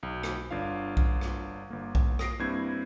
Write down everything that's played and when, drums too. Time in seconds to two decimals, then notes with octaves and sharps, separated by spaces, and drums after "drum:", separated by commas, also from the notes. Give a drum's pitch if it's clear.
0.03 B1
0.23 drum: rim click
0.51 G1 D4 F4 F5
0.97 drum: kick B1
1.21 drum: rim click
1.70 G1 A#3
1.95 drum: kick B1
2.19 D#6 A#6 C7 D7, drum: rim click
2.39 G2 A#3 C4 E4 C5 G#6